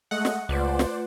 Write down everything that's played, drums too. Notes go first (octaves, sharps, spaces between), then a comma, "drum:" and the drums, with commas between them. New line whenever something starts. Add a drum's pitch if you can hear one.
G#3 A3 D#5 F#5
drum: snare
C#2 A3 F4 B4 C5 D5
drum: snare